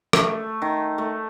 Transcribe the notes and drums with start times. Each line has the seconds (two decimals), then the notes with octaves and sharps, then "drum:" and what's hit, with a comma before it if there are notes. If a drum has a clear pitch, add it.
0.13 A3, drum: rim click
0.62 D#3
0.98 A3